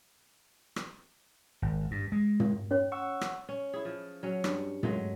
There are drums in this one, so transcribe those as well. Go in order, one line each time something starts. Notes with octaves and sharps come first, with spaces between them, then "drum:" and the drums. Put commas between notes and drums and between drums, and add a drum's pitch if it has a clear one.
drum: rim click
G#1
G2
G#3
drum: tom
C#4 C#5
F#5 C#6 E6
drum: rim click
C#4
E4 G#4
F3
F#3 C#4
G2, drum: rim click
F#3 G#3 A3, drum: tom